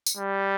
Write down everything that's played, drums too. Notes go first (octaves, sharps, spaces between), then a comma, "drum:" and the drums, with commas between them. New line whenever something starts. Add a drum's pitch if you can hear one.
drum: tambourine
G3